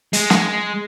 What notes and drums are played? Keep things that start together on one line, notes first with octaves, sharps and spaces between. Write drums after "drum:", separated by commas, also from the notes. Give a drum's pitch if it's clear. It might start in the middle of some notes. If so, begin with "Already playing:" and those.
G#3, drum: hi-hat
drum: snare